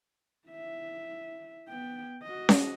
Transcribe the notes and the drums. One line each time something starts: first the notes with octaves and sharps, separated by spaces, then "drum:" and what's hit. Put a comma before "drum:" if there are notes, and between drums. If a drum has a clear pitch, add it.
E4 E5
B3 G5
F#4 D#5
drum: snare C#4